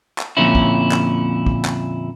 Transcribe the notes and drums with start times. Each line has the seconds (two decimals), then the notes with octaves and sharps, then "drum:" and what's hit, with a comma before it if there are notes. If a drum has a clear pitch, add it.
0.18 drum: clap
0.37 F2 A#2 D3 C#4 E4
0.55 drum: kick
0.92 drum: clap
1.46 drum: kick
1.65 drum: clap